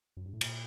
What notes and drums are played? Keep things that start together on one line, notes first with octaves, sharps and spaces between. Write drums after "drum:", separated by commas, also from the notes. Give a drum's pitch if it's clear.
F#2
G2
A2
A#2, drum: cymbal